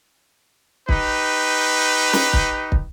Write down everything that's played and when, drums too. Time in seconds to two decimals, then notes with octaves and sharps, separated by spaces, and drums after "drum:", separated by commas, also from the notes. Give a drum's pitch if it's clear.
0.89 D#4 G4 B4, drum: kick
2.13 drum: snare
2.33 drum: kick
2.72 drum: kick